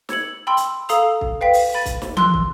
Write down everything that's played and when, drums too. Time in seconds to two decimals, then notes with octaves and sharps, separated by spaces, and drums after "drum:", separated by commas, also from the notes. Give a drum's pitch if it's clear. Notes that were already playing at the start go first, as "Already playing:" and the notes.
0.09 E6 G#6 C#7 F#7, drum: snare
0.47 G5 B5 C6 E6
0.57 drum: hi-hat
0.89 A4 F5 A#5 D#6 E6 F7, drum: hi-hat
1.21 drum: kick
1.41 B4 F5 G5 B6
1.53 drum: open hi-hat
1.74 B5 A6 D#7
1.86 drum: kick, hi-hat
2.02 drum: snare
2.17 C6 E6 F#6, drum: tom E3
2.34 drum: kick